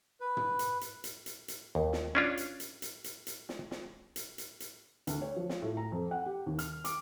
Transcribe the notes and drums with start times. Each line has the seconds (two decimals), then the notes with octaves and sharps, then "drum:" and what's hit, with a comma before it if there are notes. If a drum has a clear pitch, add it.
0.20 B4
0.37 drum: tom
0.59 drum: hi-hat
0.81 drum: hi-hat
1.04 drum: hi-hat
1.26 drum: hi-hat
1.48 drum: hi-hat
1.75 D#2
1.93 drum: snare
2.15 C#4 D4 F4
2.37 drum: hi-hat
2.60 drum: hi-hat
2.82 drum: hi-hat
3.04 drum: hi-hat
3.27 drum: hi-hat
3.49 drum: snare
3.71 drum: snare
4.16 drum: hi-hat
4.38 drum: hi-hat
4.60 drum: hi-hat
5.07 D2, drum: hi-hat
5.22 C#5
5.36 F3
5.50 F4, drum: snare
5.62 A2
5.77 A#5
5.92 F2
6.11 F#5
6.26 G4
6.46 D#2
6.59 F6, drum: hi-hat
6.85 D6, drum: hi-hat